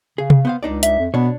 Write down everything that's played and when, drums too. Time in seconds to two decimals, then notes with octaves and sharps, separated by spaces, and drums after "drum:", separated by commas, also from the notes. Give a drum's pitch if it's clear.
0.18 C#3 G#4
0.30 drum: tom C3
0.45 B3 C5 F5
0.63 C#2 D4 D#4 D5
0.83 E5, drum: hi-hat
0.99 F2
1.14 B2 B3 D4 C#5